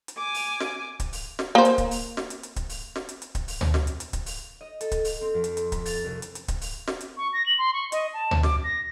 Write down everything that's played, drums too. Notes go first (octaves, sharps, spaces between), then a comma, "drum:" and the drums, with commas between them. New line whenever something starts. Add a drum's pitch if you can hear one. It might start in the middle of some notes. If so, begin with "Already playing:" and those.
drum: hi-hat
G#5 D6
drum: open hi-hat
drum: snare
drum: kick D1, hi-hat
drum: open hi-hat
drum: snare
A#3 C5
drum: hi-hat
drum: kick D1, hi-hat
drum: open hi-hat
drum: snare
drum: hi-hat
drum: hi-hat
drum: kick D1, hi-hat
drum: open hi-hat
drum: snare
drum: hi-hat
drum: hi-hat
drum: kick D1, hi-hat
drum: open hi-hat
drum: tom
drum: snare
drum: hi-hat
drum: hi-hat
drum: kick D1, hi-hat
drum: open hi-hat
D#5
A4, drum: hi-hat
drum: kick D1, hi-hat
drum: open hi-hat
C4
F2
drum: hi-hat
drum: hi-hat
B5, drum: kick D1, hi-hat
A6, drum: open hi-hat
C2
drum: hi-hat
drum: hi-hat
drum: kick D1, hi-hat
drum: open hi-hat
drum: snare
drum: hi-hat
C#6
A#6
F#7
C6
C#6
D#5, drum: hi-hat
A5
drum: tom
D6, drum: snare
A#6